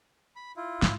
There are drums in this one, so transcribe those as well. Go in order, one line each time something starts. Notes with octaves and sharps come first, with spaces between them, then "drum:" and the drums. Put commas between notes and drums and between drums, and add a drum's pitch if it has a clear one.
B5
E4 F4
G#2, drum: snare